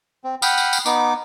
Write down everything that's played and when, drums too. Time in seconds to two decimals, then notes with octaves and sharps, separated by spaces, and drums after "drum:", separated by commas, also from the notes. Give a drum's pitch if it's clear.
0.24 C4
0.42 F#5 G5 B5 D#6 F6, drum: tambourine
0.57 drum: tambourine
0.73 drum: tambourine
0.86 B3 D#4 D6, drum: tambourine